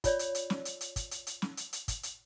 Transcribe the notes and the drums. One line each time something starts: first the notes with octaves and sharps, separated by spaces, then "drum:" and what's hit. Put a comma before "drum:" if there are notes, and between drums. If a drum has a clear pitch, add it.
F4 C#5 D5, drum: kick, hi-hat
drum: hi-hat
drum: hi-hat
drum: snare
drum: hi-hat
drum: hi-hat
drum: kick, hi-hat
drum: hi-hat
drum: hi-hat
drum: snare
drum: hi-hat
drum: hi-hat
drum: kick, hi-hat
drum: hi-hat